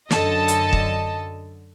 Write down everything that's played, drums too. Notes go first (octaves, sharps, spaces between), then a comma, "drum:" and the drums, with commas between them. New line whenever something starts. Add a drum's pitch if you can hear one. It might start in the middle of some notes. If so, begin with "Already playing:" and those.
F#2 D3 A4 D#5 A5, drum: snare
drum: hi-hat
drum: kick